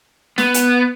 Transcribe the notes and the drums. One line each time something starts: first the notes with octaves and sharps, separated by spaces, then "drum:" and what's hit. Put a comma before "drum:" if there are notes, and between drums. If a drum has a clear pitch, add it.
B3, drum: snare
drum: hi-hat